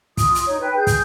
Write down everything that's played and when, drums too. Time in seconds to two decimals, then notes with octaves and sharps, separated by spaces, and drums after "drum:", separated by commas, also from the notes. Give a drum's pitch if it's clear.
0.17 F4 D#6, drum: kick, hi-hat
0.35 drum: hi-hat
0.46 D#4 C#5
0.61 B4 G5
0.76 G#4 G6
0.87 drum: kick, hi-hat